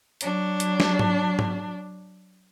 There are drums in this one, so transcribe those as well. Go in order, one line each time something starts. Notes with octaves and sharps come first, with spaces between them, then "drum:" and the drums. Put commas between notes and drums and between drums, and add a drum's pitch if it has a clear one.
F#3 D4, drum: hi-hat
drum: hi-hat
drum: snare
drum: tom G#2
drum: tom G#2